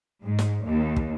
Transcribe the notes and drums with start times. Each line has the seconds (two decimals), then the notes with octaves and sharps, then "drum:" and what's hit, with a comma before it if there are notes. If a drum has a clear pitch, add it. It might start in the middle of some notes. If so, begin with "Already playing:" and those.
0.24 G#2
0.39 drum: snare
0.65 D#2
0.96 drum: kick